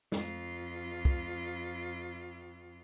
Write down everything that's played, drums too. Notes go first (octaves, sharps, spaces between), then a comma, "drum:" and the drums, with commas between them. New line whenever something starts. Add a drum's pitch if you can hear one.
F2 F4, drum: snare
drum: kick